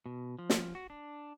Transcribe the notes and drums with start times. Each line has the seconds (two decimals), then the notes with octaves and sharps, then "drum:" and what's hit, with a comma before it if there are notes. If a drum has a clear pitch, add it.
0.06 B2
0.39 F3
0.50 drum: snare
0.75 F#4
0.90 D4